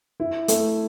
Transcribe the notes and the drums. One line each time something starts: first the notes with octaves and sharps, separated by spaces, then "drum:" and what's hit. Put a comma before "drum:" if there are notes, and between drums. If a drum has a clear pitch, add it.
E4
A3, drum: hi-hat